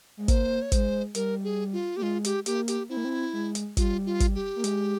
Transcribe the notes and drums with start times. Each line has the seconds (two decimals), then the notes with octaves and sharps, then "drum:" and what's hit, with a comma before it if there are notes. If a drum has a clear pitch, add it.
0.17 G#3
0.28 A#3 C5, drum: kick, hi-hat
0.62 C#5
0.72 G#3 C5, drum: kick, hi-hat
1.15 G3 A#4, drum: hi-hat
1.44 G#4
1.73 F4
1.97 A#3 G4
2.02 G#3 F4
2.24 G4, drum: hi-hat
2.46 A#3 G4, drum: hi-hat
2.68 G4, drum: hi-hat
2.89 C4 E4
2.97 A#3
3.05 C4
3.33 G#3
3.55 drum: hi-hat
3.77 G3 F4, drum: kick, hi-hat
4.06 F4
4.20 drum: kick, hi-hat
4.35 G4
4.56 A#3
4.64 G#3, drum: hi-hat